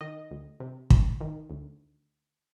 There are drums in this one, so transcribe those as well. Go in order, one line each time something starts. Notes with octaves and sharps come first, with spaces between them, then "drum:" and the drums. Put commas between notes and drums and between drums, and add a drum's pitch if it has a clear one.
D#3 D#5
D2
C3
D2, drum: kick
D#3
D2